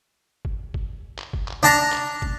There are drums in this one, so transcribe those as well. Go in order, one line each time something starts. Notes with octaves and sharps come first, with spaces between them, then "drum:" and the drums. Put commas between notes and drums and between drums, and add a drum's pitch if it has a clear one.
drum: kick
drum: kick
drum: clap
drum: kick
drum: clap
D4 A5 A#5
drum: clap
drum: kick